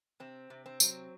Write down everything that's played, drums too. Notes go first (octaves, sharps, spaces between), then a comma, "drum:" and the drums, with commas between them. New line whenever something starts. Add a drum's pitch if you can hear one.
C3 C4
C3
C4
F#3, drum: tambourine